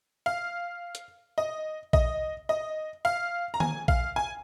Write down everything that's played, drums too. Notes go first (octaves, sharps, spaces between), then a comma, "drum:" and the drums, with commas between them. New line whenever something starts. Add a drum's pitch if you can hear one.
F5
drum: hi-hat
D#5
D#5, drum: kick A#1
D#5
F5
A#5
G#5, drum: tom D#3
F5, drum: kick A#1
G#5